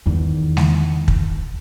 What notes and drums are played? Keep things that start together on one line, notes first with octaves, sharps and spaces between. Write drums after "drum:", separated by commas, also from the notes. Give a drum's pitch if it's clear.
E2 D#3
drum: snare G#3
drum: kick